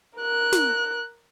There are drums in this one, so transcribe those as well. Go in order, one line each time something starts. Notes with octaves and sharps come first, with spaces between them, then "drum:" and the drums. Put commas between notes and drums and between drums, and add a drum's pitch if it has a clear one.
A#4 F#6
drum: snare